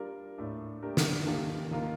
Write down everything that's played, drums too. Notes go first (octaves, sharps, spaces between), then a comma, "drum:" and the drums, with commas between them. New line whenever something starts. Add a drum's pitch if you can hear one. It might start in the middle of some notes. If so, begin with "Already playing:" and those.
Already playing: G3 D4 F4 A#4
A2 A3 D4
A3 D4 G4 A#4
drum: snare
D#3 G3 A#3 F4 A4
D#3 A#3 F4 A#4